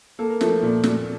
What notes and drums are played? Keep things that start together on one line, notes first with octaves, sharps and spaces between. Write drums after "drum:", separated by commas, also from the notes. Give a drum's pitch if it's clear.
A#3 A4
A#4
F3 A3 A4, drum: snare
A#2
A#2, drum: snare